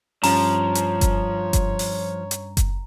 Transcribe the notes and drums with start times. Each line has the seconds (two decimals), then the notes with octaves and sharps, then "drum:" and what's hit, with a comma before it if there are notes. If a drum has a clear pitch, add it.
0.23 G2 F3 C#4 C#5 A5 A#5, drum: open hi-hat
0.75 drum: hi-hat
1.01 drum: kick F#1, hi-hat
1.53 drum: kick F#1, hi-hat
1.79 drum: open hi-hat
2.31 drum: hi-hat
2.57 drum: kick F#1, hi-hat